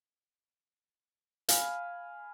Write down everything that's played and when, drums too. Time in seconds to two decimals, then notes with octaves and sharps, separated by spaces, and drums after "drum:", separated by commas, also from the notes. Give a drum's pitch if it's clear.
1.49 F5 G#5 B5, drum: hi-hat